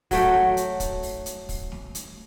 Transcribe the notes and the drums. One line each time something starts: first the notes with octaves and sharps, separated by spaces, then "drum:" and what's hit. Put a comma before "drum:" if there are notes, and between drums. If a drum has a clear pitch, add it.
F#3 A3 G5, drum: kick, open hi-hat
drum: snare
drum: hi-hat
drum: kick, hi-hat
drum: open hi-hat
drum: hi-hat
drum: kick, open hi-hat
drum: snare
drum: hi-hat